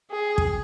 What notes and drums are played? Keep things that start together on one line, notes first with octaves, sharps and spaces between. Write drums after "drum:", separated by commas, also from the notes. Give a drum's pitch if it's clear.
G#4
drum: kick